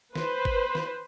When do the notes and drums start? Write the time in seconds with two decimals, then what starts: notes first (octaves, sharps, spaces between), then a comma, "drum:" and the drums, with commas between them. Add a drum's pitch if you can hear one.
0.15 B4 C5, drum: snare
0.45 drum: kick G1
0.75 drum: snare